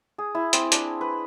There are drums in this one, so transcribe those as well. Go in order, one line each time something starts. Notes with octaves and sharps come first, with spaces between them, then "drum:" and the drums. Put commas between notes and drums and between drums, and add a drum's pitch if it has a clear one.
G#4
E4
C4, drum: hi-hat
D4, drum: hi-hat
B4